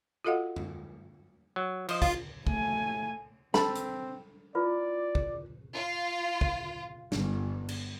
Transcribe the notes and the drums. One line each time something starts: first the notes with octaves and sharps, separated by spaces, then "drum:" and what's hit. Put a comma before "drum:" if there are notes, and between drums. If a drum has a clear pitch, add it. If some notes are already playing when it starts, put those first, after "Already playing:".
F4 F#4 A4 D#5 F5 F#5
drum: tom F#2
F#3
F3 C5 D#5, drum: cymbal
F4, drum: kick
A3 G#5, drum: kick
C4 A4 A5 B5, drum: snare
drum: hi-hat
E4 F4 B4 D5
drum: kick
F4
drum: kick
G1, drum: snare
drum: cymbal